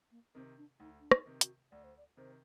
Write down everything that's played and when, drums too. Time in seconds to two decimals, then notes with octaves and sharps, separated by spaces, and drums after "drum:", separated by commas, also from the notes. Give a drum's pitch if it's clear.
0.12 A#3
0.35 C3 D#3 C4
0.58 D4
0.80 D2 D#4
1.00 D4
1.11 D#4, drum: rim click
1.26 C3 D#3
1.41 F#4, drum: hi-hat
1.72 D2 D5
1.84 C5
1.98 D5
2.17 C3 D#3 C5